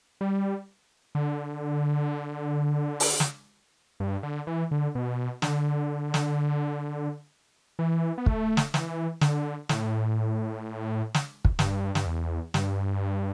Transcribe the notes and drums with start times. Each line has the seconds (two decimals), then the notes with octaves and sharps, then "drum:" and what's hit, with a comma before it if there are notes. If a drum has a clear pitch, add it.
0.21 G3
1.15 D3
3.00 drum: open hi-hat
3.20 drum: snare
4.00 G2
4.23 D3
4.47 E3
4.71 D3
4.95 B2
5.42 D3, drum: snare
6.14 drum: snare
7.79 E3
8.18 B3
8.26 A3, drum: kick
8.57 drum: snare
8.74 E3, drum: snare
9.21 D3, drum: snare
9.69 A2, drum: snare
11.14 drum: snare
11.45 drum: kick
11.59 G2, drum: snare
11.95 G2, drum: snare
12.06 E2
12.54 G2, drum: snare